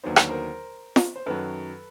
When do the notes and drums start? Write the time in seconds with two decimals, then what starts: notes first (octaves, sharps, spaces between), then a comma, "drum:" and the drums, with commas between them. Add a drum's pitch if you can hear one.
0.03 D#2 D3 F#3 B3 D#4 C5
0.16 C#5, drum: rim click
0.29 A#4 C5
0.96 drum: snare
1.16 C5
1.26 F#2 D#3 F#3 A4 B4